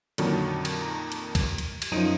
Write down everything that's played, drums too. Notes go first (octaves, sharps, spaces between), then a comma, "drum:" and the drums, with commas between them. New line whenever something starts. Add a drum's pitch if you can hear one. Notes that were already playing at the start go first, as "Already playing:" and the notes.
F2 A#2 D3 D#3 F#3, drum: cymbal
drum: cymbal
A#5
drum: cymbal
drum: kick, cymbal
drum: cymbal
drum: cymbal
F#2 F3 D#4 D7 D#7